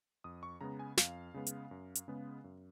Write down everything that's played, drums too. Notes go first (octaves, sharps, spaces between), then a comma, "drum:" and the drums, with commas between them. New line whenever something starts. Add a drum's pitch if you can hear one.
F2 D#6
C#6
C#3 G#3 B3 A#5
G#5
F2 F5, drum: snare
C#3 G#3 B3
drum: hi-hat
F#2
drum: hi-hat
C#3 G#3 B3
F#2